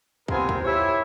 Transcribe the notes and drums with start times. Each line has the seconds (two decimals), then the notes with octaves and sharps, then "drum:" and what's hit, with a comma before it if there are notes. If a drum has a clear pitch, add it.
0.28 C3 B3 C4 F4 A#4 G#5, drum: kick
0.49 drum: kick
0.65 E4 G4 C#5 E5